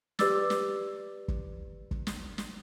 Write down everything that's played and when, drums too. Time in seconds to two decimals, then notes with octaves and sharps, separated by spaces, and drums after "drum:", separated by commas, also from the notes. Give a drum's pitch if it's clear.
0.19 G4 B4 D5 D6 E6 A6, drum: snare
0.50 drum: snare
1.28 drum: kick
1.91 drum: kick
2.07 drum: snare
2.38 drum: snare